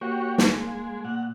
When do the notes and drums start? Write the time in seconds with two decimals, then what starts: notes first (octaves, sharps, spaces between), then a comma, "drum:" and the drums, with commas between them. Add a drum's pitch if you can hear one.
0.01 A#3 F#4 G4 C#5
0.38 G#3, drum: snare
1.05 A#2 F#5